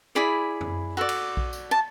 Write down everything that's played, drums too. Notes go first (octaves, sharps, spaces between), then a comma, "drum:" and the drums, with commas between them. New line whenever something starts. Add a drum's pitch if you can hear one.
E4 G#4 D5 B5
drum: tom F2
F#4 A4 D5
drum: cymbal
drum: kick A#1
drum: tambourine
A5